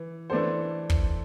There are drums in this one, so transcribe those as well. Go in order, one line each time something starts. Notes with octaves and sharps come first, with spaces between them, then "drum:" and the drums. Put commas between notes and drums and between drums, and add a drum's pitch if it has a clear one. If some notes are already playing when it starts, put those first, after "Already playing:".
Already playing: E3
E3 A3 D4 A4 C5
drum: kick